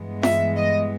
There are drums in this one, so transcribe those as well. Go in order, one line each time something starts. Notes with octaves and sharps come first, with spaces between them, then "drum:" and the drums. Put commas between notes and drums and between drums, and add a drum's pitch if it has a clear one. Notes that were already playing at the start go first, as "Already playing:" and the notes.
Already playing: G2 E3 G#3 B3
E5, drum: snare
D#5